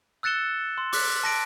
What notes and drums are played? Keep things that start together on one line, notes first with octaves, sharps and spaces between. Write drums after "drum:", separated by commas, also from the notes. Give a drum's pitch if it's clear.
E6 F#6 A6 C#7 E7 G7
C6
D6 F#6 B6, drum: open hi-hat
A5 A#6 D7